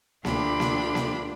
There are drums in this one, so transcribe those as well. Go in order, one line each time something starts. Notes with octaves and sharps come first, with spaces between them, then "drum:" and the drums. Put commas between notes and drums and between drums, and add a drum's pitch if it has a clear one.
D2 D4 F4 G4 B5, drum: snare A#3
drum: snare A#3
drum: snare A#3